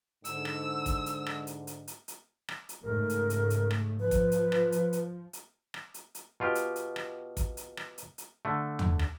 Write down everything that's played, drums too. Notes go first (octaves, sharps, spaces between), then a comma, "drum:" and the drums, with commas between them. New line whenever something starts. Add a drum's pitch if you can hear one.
G#2 D3 E6, drum: hi-hat
drum: rim click
drum: kick, hi-hat
drum: hi-hat
drum: rim click
drum: hi-hat
drum: hi-hat
drum: hi-hat
drum: hi-hat
drum: rim click
drum: hi-hat
G#2 C#3 A3 A#4
drum: hi-hat
drum: hi-hat
drum: hi-hat
drum: rim click
F3 B4
drum: kick, hi-hat
drum: hi-hat
drum: rim click
drum: hi-hat
drum: hi-hat
drum: hi-hat
drum: rim click
drum: hi-hat
drum: hi-hat
B2 F4 G4
drum: hi-hat
drum: hi-hat
drum: rim click
drum: kick, hi-hat
drum: hi-hat
drum: rim click
drum: hi-hat
drum: hi-hat
D3 A3
drum: tom
drum: rim click